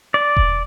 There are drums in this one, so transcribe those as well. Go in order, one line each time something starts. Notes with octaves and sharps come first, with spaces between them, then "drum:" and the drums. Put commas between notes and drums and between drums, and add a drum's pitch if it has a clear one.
D5
drum: kick E1